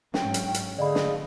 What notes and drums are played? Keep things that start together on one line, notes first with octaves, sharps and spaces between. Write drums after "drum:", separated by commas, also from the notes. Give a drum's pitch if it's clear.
G#2 F#3 C#4 G5, drum: snare
drum: hi-hat
drum: hi-hat
D3 A3 G#4 D5 D#5 F5 B5
drum: snare